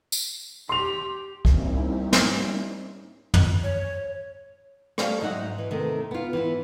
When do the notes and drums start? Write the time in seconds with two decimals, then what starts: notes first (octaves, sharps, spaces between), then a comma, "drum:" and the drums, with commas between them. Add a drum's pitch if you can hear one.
0.12 drum: tambourine
0.69 G4 C6 F7
1.45 G3 A#3 C4 C#4 D#4 E4, drum: kick
2.13 drum: snare
3.34 drum: tom
3.64 C#5
4.98 G3 A3 C#4 C5 C#5 F5, drum: rim click
5.21 G#2 F#3 D#4 C5 E5 F#5
5.58 E3
5.71 C3 D#3 A3
6.11 B3 F4
6.33 E3 B3 E4